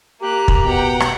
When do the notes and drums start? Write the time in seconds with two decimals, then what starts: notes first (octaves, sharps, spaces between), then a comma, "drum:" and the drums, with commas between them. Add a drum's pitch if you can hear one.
0.21 A#3 G4 A#5 F#6
0.48 drum: kick
0.65 B2 F#5 G5
1.00 drum: rim click